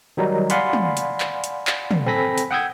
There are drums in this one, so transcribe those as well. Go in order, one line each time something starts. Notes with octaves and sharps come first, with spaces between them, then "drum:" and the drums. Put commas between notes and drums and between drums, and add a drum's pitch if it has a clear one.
D#3 F#3 G3 D#4
D5 F5 F#5 G#5 B5 C6, drum: hi-hat
drum: tom
drum: hi-hat
drum: clap
drum: hi-hat
drum: clap
drum: tom
C4 A4 G#5 B5 A#6 B6
drum: hi-hat
F#5 G5 D#6 E6 G6 G#6